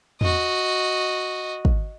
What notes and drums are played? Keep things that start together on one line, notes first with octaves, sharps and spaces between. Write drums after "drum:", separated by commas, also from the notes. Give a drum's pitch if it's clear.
F#4 D#5, drum: tom E2
drum: kick